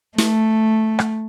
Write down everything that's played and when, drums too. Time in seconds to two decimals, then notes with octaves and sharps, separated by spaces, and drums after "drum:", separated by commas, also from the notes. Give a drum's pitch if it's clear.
0.18 A3, drum: snare
0.99 drum: rim click